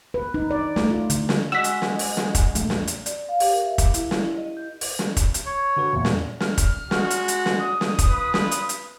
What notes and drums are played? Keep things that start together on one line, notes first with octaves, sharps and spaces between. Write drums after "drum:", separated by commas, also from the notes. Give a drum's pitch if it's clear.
B4
D#4
D5
A3, drum: snare
F4
D3, drum: hi-hat
drum: snare
G#3 F#4 D#5 F#5 E6 B6
drum: hi-hat
drum: snare
drum: open hi-hat
drum: snare
drum: kick, hi-hat
A#1 E2 A3, drum: hi-hat
drum: snare
drum: hi-hat
D5, drum: hi-hat
F5
G4, drum: open hi-hat
A#4
E5
D6, drum: kick, hi-hat
E4, drum: hi-hat
E4, drum: snare
E4
D#5
G6
drum: open hi-hat
drum: snare
drum: kick, hi-hat
drum: hi-hat
C#5
D3 F#4 B4
E2 A#2
drum: snare
F6, drum: snare
drum: kick, hi-hat
G#3 F#4, drum: snare
drum: hi-hat
drum: hi-hat
drum: snare
D#6
drum: snare
drum: kick, hi-hat
F4 B4
drum: snare
drum: hi-hat
drum: hi-hat